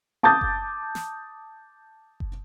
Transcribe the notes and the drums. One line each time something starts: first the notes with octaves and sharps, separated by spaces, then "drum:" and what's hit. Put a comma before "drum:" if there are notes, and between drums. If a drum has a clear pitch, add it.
A5 D6 D#6 G6 A6
drum: kick F#1
drum: snare
drum: kick F#1